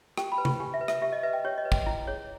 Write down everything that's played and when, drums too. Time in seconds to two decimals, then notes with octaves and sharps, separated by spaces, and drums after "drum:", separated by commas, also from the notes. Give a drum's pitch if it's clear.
0.18 G4 G5, drum: rim click
0.32 B5
0.38 B4
0.45 C#6, drum: tom C3
0.60 G4 G#5
0.74 E5
0.81 B4
0.88 E5, drum: rim click
1.02 G4 E5
1.13 D#5
1.23 B4 E5
1.33 G5
1.45 G4 C#5
1.58 D#5
1.65 B4
1.72 G5, drum: kick
1.86 E4
2.07 G#4 C#5